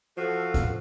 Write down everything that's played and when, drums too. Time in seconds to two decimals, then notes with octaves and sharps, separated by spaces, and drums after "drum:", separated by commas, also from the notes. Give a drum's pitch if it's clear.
0.17 F3 F#4 A4 F5
0.54 drum: kick C#2, hi-hat